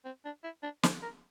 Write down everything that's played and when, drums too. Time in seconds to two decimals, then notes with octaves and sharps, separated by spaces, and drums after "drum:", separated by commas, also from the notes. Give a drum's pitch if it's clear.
0.05 C4
0.25 D4
0.44 E4
0.63 D4
0.83 C5, drum: snare
1.02 A#4